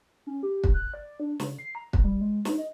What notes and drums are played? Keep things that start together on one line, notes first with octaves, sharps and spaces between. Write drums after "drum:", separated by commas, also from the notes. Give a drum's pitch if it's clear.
C#4
G4
drum: kick
F#6
D5
D4
C#3, drum: snare
C7
A#5
drum: kick
G3
G#3
D#4, drum: snare
D#5